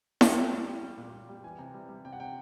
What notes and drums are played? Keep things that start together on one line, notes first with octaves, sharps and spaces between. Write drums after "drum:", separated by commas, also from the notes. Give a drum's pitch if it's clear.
G3 G5, drum: snare E4
G3
G3
G3
G3
A#2
G3
G3
E3 G#5
C3
G3
G3
C3 G5
F#5
C3 G5